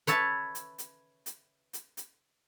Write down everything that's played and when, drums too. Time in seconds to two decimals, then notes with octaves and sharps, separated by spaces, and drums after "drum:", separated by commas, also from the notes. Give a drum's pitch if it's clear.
0.07 B4 C#5 E5 A5, drum: hi-hat
0.55 drum: hi-hat
0.78 drum: hi-hat
1.26 drum: hi-hat
1.73 drum: hi-hat
1.97 drum: hi-hat